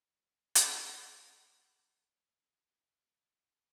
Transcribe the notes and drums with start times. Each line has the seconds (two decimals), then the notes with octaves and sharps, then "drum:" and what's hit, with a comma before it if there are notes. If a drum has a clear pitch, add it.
0.03 G#5
0.55 drum: hi-hat
2.79 A4 B4